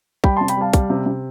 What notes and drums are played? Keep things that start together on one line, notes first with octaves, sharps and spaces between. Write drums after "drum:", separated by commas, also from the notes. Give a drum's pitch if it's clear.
G3 G5 B5, drum: kick
A5 C6
C3
G5 B5, drum: hi-hat
G3 F5 A5
G3, drum: kick, hi-hat
C3
C3